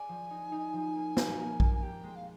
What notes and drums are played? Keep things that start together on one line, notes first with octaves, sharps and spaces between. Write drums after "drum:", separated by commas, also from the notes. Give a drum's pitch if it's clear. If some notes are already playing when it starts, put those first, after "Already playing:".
Already playing: G#4 D5 G#5
F3
D#4
D#4
F3
A#3
A#3, drum: snare
A#4
A#3, drum: kick A#1
G#5
G4 G5
G#3
F5